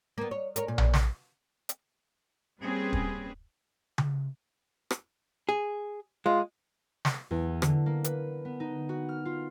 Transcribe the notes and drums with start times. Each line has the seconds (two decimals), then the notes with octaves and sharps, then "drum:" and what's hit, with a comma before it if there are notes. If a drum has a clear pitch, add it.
0.18 A#3 B3
0.31 C#5
0.56 A#4 C#5, drum: hi-hat
0.68 A#2
0.78 drum: tom A#1
0.94 drum: snare
1.69 drum: hi-hat
2.61 G3 A#3 C4 C#4 G#4 B4
2.93 drum: kick
3.98 drum: tom C#3
4.91 drum: rim click
5.49 G#4
6.26 G#3 F4
7.05 drum: snare
7.31 E2
7.62 D3, drum: rim click
7.86 A#3
8.04 B4, drum: hi-hat
8.45 B3
8.60 D#4
8.89 F#4
9.09 F6
9.25 F4